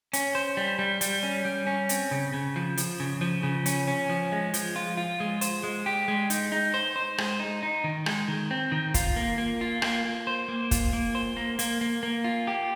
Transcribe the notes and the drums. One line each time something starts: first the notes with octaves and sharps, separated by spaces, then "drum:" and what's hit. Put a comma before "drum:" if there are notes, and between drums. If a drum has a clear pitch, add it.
C#4, drum: hi-hat
C5
G3
G3
G3, drum: hi-hat
C#4
G3
C#4
C4, drum: hi-hat
C#3
C#3
F3
F3, drum: hi-hat
C#3
F3
C#3
C#4, drum: hi-hat
C#4
F3
G#3
F3, drum: hi-hat
F4
F4
G#3
C5, drum: hi-hat
G#3
G4
G#3
D#4, drum: hi-hat
D#4
C5
C5
G#3, drum: rim click
D#4
D#4
D#3
G#3, drum: rim click
D#3
C4
D#3
F4, drum: kick, hi-hat
A#3
A#3
F4
A#3, drum: rim click
A#3
C5
A#3
F4, drum: kick, hi-hat
A#3
C5
A#3
A#3, drum: hi-hat
A#3
A#3
F4
G4